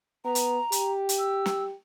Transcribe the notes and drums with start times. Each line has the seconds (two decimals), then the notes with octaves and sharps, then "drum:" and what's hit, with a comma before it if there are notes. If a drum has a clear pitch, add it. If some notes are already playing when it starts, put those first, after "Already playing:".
0.25 B3 A#5
0.35 drum: hi-hat
0.72 G4, drum: hi-hat
1.09 drum: hi-hat
1.19 E6
1.46 drum: snare